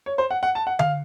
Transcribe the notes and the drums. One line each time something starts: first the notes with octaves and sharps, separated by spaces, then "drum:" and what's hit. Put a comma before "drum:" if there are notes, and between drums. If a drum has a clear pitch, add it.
C#5
C5
F#5
F#5
A5
F#5
F5, drum: tom D3